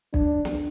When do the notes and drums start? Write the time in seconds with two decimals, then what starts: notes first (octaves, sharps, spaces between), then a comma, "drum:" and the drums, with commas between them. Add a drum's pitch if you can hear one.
0.14 D4, drum: kick B1
0.45 drum: snare